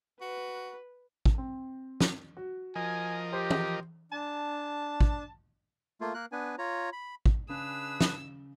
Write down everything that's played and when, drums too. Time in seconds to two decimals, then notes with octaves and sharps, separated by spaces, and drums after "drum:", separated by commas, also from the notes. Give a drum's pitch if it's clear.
0.21 F#4 B4
1.26 drum: kick
1.38 C4
2.01 drum: snare
2.37 F#4
2.76 F3 A#4 D#5 G#5
3.33 G4 C5
3.51 drum: tom
4.12 D4 A5
5.01 drum: kick
6.01 A3 A#3 F4
6.14 A#3 A#4 F#6
6.32 B3 D4 B4 G#5
6.58 F4 C#5 A#5
6.93 B5
7.26 drum: kick
7.49 C#3 D4 G#4 B4 E6
8.01 drum: snare